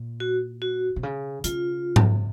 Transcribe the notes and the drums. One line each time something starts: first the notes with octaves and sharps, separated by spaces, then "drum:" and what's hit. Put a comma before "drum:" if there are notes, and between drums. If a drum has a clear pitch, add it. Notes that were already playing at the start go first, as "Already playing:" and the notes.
Already playing: A#2
F#4
F#4
C3
C#3
C#3 F4, drum: hi-hat
drum: tom G#2